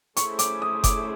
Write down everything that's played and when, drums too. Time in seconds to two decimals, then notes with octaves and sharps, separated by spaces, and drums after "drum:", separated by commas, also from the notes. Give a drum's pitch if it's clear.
0.17 A3 C#4 E4 G#4 C5 C#6, drum: hi-hat
0.39 D6, drum: hi-hat
0.62 D#6
0.84 D6, drum: kick F#1, hi-hat